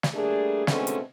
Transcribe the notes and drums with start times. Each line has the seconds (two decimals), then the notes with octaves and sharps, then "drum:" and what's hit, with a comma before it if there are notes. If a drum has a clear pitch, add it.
0.03 drum: snare
0.14 G3 A3 A#3 D4 G#4
0.67 B2 D3 G#3 A3 C4 C#4, drum: snare
0.87 drum: hi-hat